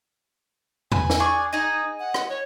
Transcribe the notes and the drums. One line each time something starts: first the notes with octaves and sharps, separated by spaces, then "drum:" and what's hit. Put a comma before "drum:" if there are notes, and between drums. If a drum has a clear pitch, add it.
B4 G#5, drum: tom E2
drum: snare
D4 G#4 C#6
D#4 G#4 D#5
F#5
drum: rim click
C#5